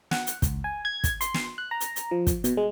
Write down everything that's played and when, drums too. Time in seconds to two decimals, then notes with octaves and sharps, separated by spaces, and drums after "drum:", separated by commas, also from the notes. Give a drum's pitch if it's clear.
0.11 F#5, drum: snare
0.27 drum: hi-hat
0.42 C#2, drum: kick, hi-hat
0.64 G#5
0.85 G#6
1.04 drum: kick, hi-hat
1.21 C6, drum: hi-hat
1.34 drum: snare
1.58 F#6
1.71 A#5
1.80 drum: hi-hat
1.96 drum: hi-hat
2.11 F3
2.27 drum: kick, hi-hat
2.44 B2, drum: hi-hat
2.57 G#3